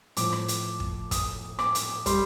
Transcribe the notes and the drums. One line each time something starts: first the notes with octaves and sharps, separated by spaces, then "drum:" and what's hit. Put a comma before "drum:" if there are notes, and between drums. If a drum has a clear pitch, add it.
A2 F3 D6, drum: hi-hat
drum: rim click
drum: hi-hat
drum: kick
D#6, drum: kick, hi-hat
D6, drum: rim click
drum: hi-hat
G3 C6, drum: kick, hi-hat